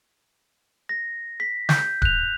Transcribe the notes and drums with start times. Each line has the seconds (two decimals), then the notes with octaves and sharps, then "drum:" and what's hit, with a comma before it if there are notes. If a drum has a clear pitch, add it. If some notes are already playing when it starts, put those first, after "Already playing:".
0.89 A#6
1.40 B6
1.69 G6, drum: snare
2.02 F#6 F7, drum: kick D1